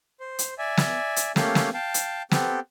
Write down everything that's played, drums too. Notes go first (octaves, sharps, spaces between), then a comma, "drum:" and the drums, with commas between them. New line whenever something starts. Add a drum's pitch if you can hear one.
C5
drum: hi-hat
D5 E5 G#5
drum: snare
drum: hi-hat
A3 A#3 C#4 G4 A4 F5, drum: snare
drum: snare
F5 G5 A5
drum: hi-hat
B3 C4 G4 A4, drum: snare